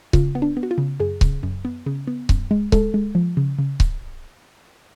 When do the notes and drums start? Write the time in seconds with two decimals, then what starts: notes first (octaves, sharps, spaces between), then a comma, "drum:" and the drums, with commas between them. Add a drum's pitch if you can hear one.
0.13 C#3 F4, drum: kick C#1
0.35 B3
0.42 D4
0.57 B3
0.63 F#4
0.71 F4
0.78 C#3
1.00 F#2 G#4
1.21 C#3, drum: kick C#1
1.43 F#2
1.65 B3
1.86 C#3
2.07 B3
2.29 F#2, drum: kick C#1
2.51 G#3
2.72 G#3 A4, drum: kick C#1
2.94 G#3
3.15 F3
3.37 C#3
3.59 C#3
3.80 drum: kick C#1